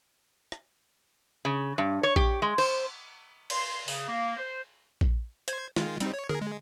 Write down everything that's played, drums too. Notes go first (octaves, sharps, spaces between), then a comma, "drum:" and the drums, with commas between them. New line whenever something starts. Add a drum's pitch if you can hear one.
drum: rim click
C#3
G2
C#5
G4, drum: kick A#1
G#3
C5, drum: cymbal
C6, drum: cymbal
C#3, drum: open hi-hat
A#3
C5
drum: kick A#1
C5 G#6, drum: hi-hat
D#3 G#3 F4, drum: snare
G3 C4 D#4, drum: hi-hat
C#5
G#4 A#4, drum: tom D3
G#3